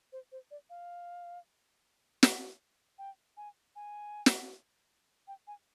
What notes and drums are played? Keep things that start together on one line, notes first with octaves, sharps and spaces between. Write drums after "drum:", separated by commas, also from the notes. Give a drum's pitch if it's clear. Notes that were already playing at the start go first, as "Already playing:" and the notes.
C5
C5
D5
F5
drum: snare
G5
G#5
G#5
drum: snare
G5
G#5